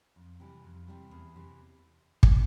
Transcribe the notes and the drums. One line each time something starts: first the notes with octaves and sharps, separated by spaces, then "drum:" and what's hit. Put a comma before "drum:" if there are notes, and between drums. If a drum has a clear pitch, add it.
F2
C3 E3 G3
F2
C3 E3 G3
E2
C3 E3
drum: kick